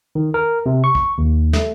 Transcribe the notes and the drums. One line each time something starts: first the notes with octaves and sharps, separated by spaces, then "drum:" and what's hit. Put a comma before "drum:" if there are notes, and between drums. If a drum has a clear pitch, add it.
D#3
A#4
C3
C#6
drum: kick A#1
D#2
A3, drum: snare